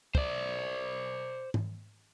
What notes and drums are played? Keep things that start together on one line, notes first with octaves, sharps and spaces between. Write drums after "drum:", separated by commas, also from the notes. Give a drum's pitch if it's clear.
C5 D5, drum: kick
drum: tom G#2